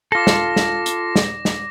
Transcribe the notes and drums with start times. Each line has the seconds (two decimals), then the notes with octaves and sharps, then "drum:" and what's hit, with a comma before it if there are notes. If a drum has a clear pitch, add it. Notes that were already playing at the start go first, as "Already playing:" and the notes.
0.12 F4 A4 D6 A#6
0.27 drum: snare
0.56 drum: snare
0.86 drum: hi-hat
1.16 drum: snare
1.45 drum: snare